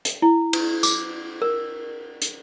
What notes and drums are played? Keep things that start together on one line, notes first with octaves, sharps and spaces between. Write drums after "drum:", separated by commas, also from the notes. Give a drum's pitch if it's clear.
drum: hi-hat
E4
drum: cymbal
D6, drum: tambourine
A#4
drum: hi-hat